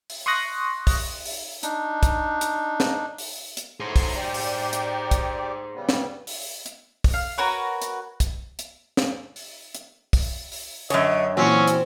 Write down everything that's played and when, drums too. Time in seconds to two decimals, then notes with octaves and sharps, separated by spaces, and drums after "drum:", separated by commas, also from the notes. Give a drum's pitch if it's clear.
0.10 drum: open hi-hat
0.26 C6 C#6 D#6 F#6 A#6
0.87 drum: kick, open hi-hat
1.25 drum: open hi-hat
1.63 D4 D#4, drum: hi-hat
2.03 drum: kick, hi-hat
2.41 drum: hi-hat
2.80 drum: snare
3.18 drum: open hi-hat
3.57 drum: hi-hat
3.80 A2 F#3 G#4 C5 C6
3.96 drum: kick, open hi-hat
4.17 G4 D5
4.34 drum: open hi-hat
4.73 drum: hi-hat
5.11 drum: kick, hi-hat
5.75 C#3 G3 B3
5.89 drum: snare
6.27 drum: open hi-hat
6.66 drum: hi-hat
7.04 drum: kick, open hi-hat
7.14 F5
7.38 F#4 A#4 B4 C#5
7.82 drum: hi-hat
8.20 drum: kick, hi-hat
8.59 drum: hi-hat
8.97 drum: snare
9.36 drum: open hi-hat
9.75 drum: hi-hat
10.13 drum: kick, open hi-hat
10.52 drum: open hi-hat
10.90 F#2 D3 C#5 D#5 G#5 G#6, drum: hi-hat
11.37 A#2 E3 F#3 C4 C#4
11.68 drum: hi-hat